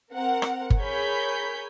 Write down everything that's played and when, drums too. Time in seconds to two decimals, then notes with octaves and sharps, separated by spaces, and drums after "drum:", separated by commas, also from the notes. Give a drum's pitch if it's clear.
0.14 C4 A#4 F#5
0.42 drum: rim click
0.70 drum: kick G1
0.80 G#4 A#4 C#5 G#5 B5 G6